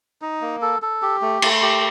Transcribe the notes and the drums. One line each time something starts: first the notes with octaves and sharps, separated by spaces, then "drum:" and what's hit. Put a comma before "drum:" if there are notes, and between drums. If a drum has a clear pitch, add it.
D#4
A#3
A4
A4
G4
A3
A3, drum: cymbal
G4